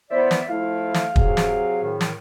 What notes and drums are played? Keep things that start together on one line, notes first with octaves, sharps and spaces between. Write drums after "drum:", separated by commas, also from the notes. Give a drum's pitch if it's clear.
E3 B3 C5 D5 E5
drum: snare
F3 A3 E4 F5
drum: snare
C3 F#3 G#4, drum: kick
drum: snare
A2 D#3
drum: snare